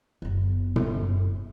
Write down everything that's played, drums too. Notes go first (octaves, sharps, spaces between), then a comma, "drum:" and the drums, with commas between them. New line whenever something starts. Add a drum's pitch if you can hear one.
F#1 B3
drum: tom